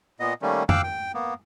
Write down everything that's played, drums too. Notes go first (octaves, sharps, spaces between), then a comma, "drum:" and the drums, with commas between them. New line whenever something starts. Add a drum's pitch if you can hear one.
A#2 B3 D#5
D#3 G3 A3 A#3 C#4
F5 G5 D6 E6 F#6, drum: tom F2
G5
A#3 B3